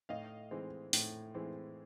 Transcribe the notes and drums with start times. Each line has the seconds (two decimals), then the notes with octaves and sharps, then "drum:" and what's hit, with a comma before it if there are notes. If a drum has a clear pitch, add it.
0.09 A2 D#5 F5
0.51 E3 G#3 C4
0.93 A2, drum: open hi-hat
1.34 E3 G#3 C4